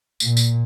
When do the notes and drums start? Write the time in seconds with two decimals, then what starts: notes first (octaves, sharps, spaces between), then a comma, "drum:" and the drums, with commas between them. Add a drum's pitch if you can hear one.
0.20 A#2, drum: tambourine
0.37 drum: tambourine